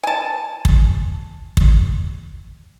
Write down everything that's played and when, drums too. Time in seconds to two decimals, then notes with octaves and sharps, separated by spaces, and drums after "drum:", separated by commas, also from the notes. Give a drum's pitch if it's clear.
0.03 G#5 A5
0.65 drum: kick
1.57 drum: kick